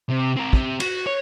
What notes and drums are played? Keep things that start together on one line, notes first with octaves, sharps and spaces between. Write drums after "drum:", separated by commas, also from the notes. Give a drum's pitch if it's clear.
C3
C4 A#4
C3, drum: kick
F#4, drum: cymbal
C#5